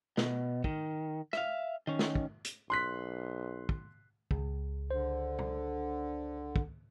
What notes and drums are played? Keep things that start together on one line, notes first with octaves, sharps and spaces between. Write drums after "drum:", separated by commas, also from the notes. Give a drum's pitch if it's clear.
B2, drum: snare
D#3, drum: kick
E5 F5, drum: rim click
D#3 C#4
drum: snare
drum: kick
drum: hi-hat
B1 C6 F#6 B6
drum: kick
C#2, drum: kick
D3 C5
drum: tom B2
drum: kick